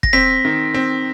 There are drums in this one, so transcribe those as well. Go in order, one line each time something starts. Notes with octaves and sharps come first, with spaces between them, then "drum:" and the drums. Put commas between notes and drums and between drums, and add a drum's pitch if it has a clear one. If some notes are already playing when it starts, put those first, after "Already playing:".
A#6, drum: kick
C4 B6
D#3
C4